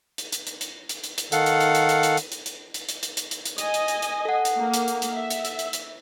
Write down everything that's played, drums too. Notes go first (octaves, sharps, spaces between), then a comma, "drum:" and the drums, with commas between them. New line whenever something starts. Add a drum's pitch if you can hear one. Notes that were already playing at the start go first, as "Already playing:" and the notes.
drum: hi-hat
drum: hi-hat
drum: hi-hat
drum: hi-hat
drum: hi-hat
drum: hi-hat
drum: hi-hat
D#3 A4 F5 F#5, drum: hi-hat
drum: hi-hat
drum: hi-hat
drum: hi-hat
drum: hi-hat
drum: hi-hat
drum: hi-hat
drum: hi-hat
drum: hi-hat
drum: hi-hat
drum: hi-hat
drum: hi-hat
drum: hi-hat
drum: hi-hat
drum: hi-hat
D#5 G#5, drum: hi-hat
drum: hi-hat
drum: hi-hat
drum: hi-hat
A4 F#5
drum: hi-hat
A#3
drum: hi-hat
drum: hi-hat
drum: hi-hat
E5
drum: hi-hat
drum: hi-hat
drum: hi-hat
drum: hi-hat